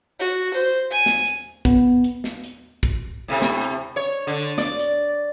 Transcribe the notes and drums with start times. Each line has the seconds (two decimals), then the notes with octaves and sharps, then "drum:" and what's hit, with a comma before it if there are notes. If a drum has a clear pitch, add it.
0.20 F#4
0.54 C5
0.91 G#5
1.06 drum: snare
1.26 drum: hi-hat
1.65 B3, drum: kick, hi-hat
2.04 drum: hi-hat
2.24 drum: snare
2.44 drum: hi-hat
2.83 drum: kick, hi-hat
3.28 A2 C3
3.42 drum: snare
3.61 drum: hi-hat
3.96 C#5
4.27 D3
4.40 drum: hi-hat
4.58 D5, drum: snare
4.79 drum: hi-hat